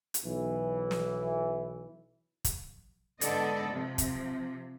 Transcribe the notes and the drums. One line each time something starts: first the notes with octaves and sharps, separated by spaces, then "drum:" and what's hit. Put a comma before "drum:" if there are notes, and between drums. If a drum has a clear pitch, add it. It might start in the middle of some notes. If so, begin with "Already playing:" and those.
drum: hi-hat
B1 E3
drum: snare
drum: kick, hi-hat
G#2 D3 B3 A4 D5 D#5, drum: hi-hat
C3 F3
drum: kick, hi-hat